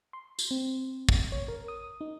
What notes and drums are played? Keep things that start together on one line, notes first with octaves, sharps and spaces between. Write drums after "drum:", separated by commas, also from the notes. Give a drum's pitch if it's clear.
C6
drum: tambourine
C4
drum: kick
C#5
A#4
D#6
D#4